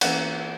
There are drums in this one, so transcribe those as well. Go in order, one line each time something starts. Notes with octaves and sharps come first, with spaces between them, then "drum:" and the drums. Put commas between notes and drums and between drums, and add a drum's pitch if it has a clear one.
E3 A#3 C#4 F#5, drum: cymbal